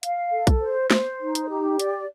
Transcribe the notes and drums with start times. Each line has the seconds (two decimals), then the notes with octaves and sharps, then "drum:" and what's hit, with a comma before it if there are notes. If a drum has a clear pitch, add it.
0.03 F5, drum: hi-hat
0.32 A4
0.47 drum: kick B1, hi-hat
0.61 C5
0.91 C5, drum: snare
1.20 D#4
1.35 drum: hi-hat
1.49 G4
1.79 D5, drum: hi-hat